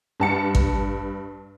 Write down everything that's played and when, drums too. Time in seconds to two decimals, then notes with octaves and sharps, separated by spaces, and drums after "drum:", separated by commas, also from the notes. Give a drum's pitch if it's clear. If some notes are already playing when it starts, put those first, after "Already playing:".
0.20 G2 A5 C#7
0.55 drum: kick